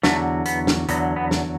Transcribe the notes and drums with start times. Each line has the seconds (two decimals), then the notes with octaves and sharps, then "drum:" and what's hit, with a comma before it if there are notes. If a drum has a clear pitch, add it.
0.03 E2 D3 F#3 A3, drum: snare
0.46 B3, drum: hi-hat
0.67 drum: snare
0.89 E2 D3 F#3 B3, drum: hi-hat
1.16 B3
1.31 drum: snare